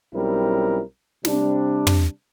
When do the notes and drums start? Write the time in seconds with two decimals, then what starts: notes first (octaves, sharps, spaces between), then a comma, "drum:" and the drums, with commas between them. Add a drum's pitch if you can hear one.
0.14 B1 G3 C4 C#4 E4 A#4
1.25 C3 G3 C4 D4, drum: snare
1.87 drum: tom